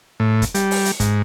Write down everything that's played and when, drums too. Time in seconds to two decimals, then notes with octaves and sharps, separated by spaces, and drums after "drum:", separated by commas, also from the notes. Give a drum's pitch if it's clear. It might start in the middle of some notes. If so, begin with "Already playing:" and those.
0.20 A2
0.42 drum: kick, hi-hat
0.54 G3, drum: hi-hat
0.71 drum: open hi-hat
0.85 drum: hi-hat
1.00 G#2, drum: kick, hi-hat